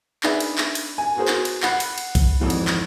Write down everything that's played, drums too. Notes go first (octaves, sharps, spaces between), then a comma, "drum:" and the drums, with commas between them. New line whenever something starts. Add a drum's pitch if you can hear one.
D4 D#4 G#4 B4 E5, drum: clap
drum: cymbal
drum: clap
drum: cymbal
G#5
B3 F#4 G#4 A#4 C5
drum: clap
drum: cymbal
F#5 B5 C7, drum: clap
drum: cymbal
drum: cymbal
drum: kick B1, cymbal
G#1 F2 E3
drum: cymbal
drum: clap